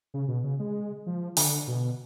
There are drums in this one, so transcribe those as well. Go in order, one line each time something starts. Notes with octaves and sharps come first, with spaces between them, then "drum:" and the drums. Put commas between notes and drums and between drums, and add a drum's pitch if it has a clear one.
C#3
B2
C#3
G#3
F3
D3, drum: open hi-hat
B2